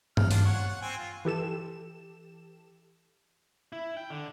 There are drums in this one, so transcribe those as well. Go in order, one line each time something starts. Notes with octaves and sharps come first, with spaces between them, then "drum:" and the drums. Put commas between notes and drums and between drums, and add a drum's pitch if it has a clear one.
F6, drum: tom G2
D4 F4, drum: open hi-hat
C#5 F#5
F#5
C4 G5 G#5
F4
E3 G4 A4 E7
E4
G5
D3